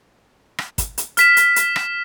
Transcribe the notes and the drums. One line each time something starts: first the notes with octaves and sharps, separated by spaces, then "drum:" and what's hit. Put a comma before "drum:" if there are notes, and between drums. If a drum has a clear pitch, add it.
drum: rim click
drum: kick, hi-hat
drum: hi-hat
F6 B6 E7, drum: hi-hat
drum: hi-hat
drum: hi-hat
drum: rim click